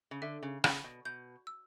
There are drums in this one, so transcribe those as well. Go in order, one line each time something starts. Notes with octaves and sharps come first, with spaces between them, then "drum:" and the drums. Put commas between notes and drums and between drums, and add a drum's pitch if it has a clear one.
C#3
D3 E5
C#3
C#3 B5, drum: rim click
B2
B2 G6
E6